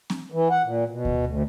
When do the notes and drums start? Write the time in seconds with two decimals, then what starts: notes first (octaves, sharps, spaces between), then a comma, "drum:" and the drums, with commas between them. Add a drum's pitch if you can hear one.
0.10 drum: snare C4
0.32 E3
0.50 F#5
0.64 A#2
0.90 B2
1.05 drum: kick D2
1.27 D2